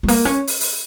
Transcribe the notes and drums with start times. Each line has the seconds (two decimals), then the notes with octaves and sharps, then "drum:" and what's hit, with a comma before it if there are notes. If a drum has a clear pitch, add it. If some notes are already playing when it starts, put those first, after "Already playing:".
0.03 G#3
0.08 A#3, drum: open hi-hat
0.25 C#4
0.47 drum: open hi-hat
0.61 drum: open hi-hat